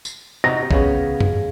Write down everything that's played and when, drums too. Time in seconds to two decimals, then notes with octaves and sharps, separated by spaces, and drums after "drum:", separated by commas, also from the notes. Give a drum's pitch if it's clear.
0.05 drum: tambourine
0.44 C3 D#4 F#4 A#6
0.71 C#3 B3 C#4 G#4 F5, drum: kick A#1
1.20 drum: tom F#2